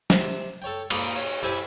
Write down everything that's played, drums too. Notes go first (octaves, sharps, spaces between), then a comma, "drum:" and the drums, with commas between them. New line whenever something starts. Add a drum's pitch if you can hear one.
C3, drum: snare
A4 C#5 G5
A#2 A#3 A#4 D#5 B5, drum: cymbal
C#5
C4 E4 G4 G#5 A5